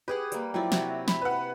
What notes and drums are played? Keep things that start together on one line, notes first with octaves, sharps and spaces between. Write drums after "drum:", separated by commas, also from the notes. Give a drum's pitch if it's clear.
G4 G#4 B4 F#5
G3 A#3, drum: hi-hat
F3 F#3 E4 D5 G5
C3 E4 F#4, drum: snare
B5, drum: snare
B4 F#5